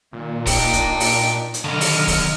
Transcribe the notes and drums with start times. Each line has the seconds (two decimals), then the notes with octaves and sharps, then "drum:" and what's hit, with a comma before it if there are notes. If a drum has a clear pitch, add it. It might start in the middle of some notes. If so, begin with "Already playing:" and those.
0.13 A#2 D#3
0.46 D4 D#4 D5 D#5 G5, drum: kick, open hi-hat
0.73 drum: kick, hi-hat
1.00 drum: open hi-hat
1.54 drum: hi-hat
1.64 B1 G2 D3 D#3 D#5 F6
1.81 drum: open hi-hat
2.08 drum: kick, open hi-hat